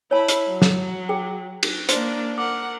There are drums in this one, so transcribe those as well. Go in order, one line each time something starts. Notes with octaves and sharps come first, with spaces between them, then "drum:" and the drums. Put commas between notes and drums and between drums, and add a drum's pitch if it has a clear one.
E4 C#5 A5 B5
drum: hi-hat
F#3
drum: snare
G#4 G5
drum: cymbal
A#3 D4 C5 C6, drum: hi-hat
A#4 F#5 D6